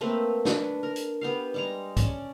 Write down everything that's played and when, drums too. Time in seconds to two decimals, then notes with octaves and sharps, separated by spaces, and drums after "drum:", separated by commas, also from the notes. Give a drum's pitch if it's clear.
0.01 A3 A#3 C4 B4
0.45 D4 B4, drum: snare
0.83 A#4
0.96 drum: hi-hat
1.21 B3 G4 F5
1.54 G3 G#3 A#5
1.97 C#4 D5 A5, drum: kick B1, hi-hat